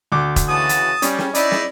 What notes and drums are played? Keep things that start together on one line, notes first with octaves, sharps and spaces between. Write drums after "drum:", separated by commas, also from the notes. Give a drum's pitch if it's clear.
D2 D6
drum: kick E1, hi-hat
C#3 E3 F#4 A5 D#6
drum: hi-hat
G3 C#4, drum: hi-hat
drum: snare
D#4 E4 D5, drum: hi-hat
drum: snare